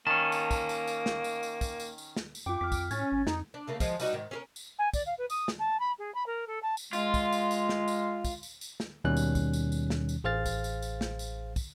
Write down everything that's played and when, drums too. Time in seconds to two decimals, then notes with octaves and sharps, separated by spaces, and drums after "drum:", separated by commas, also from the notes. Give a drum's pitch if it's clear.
0.07 D#3 A#3 C#4 A5
0.32 drum: tambourine
0.51 drum: kick, tambourine
0.69 drum: tambourine
0.88 drum: tambourine
1.06 drum: snare
1.24 drum: tambourine
1.43 drum: tambourine
1.61 drum: kick, tambourine
1.80 drum: tambourine
1.98 drum: tambourine
2.16 drum: snare
2.35 drum: tambourine
2.46 F#2 F4 G5 D6
2.61 F2 F6 B6
2.72 drum: kick, tambourine
2.91 A2 C#4 G#6 A6, drum: tambourine
3.12 G#1
3.27 F2 D#4, drum: snare
3.54 D4
3.67 C#3 A3 A#3
3.80 F3 G#3, drum: kick, tambourine
4.00 G3 D#4 F#4, drum: tambourine
4.13 G#2 D#3
4.31 C#4 G#4 A#4
4.56 drum: tambourine
4.78 G#5
4.94 D5, drum: kick, tambourine
5.06 F5
5.18 B4
5.30 D#6, drum: tambourine
5.48 drum: snare
5.59 A5
5.79 B5
5.98 G#4
6.14 B5
6.26 A#4
6.47 A4
6.62 A5
6.77 drum: tambourine
6.93 G#3 F4, drum: tambourine
7.14 drum: kick, tambourine
7.32 drum: tambourine
7.51 drum: tambourine
7.69 drum: snare
7.88 drum: tambourine
8.25 drum: kick, tambourine
8.43 drum: tambourine
8.61 drum: tambourine
8.80 drum: snare
9.04 D#2 B2 D#3 G3 C#4 F#6
9.17 drum: tambourine
9.35 drum: kick, tambourine
9.53 drum: tambourine
9.72 drum: tambourine
9.90 drum: snare
10.09 drum: tambourine
10.24 A1 G#4 C5 F5 F6 A6
10.46 drum: kick, tambourine
10.64 drum: tambourine
10.82 drum: tambourine
11.01 drum: snare
11.19 drum: tambourine
11.56 drum: kick, tambourine